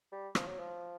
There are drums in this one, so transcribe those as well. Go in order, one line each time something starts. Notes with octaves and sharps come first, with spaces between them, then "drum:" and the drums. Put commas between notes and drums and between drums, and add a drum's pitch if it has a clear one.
G3
F3, drum: rim click
F#3
F3